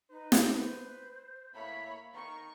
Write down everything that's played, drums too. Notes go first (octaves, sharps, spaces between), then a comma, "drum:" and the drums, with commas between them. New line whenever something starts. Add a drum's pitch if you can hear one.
D#4 B4
drum: snare
C5
A2 A#3 C#5 E5 B5
D#3 A#5 C#6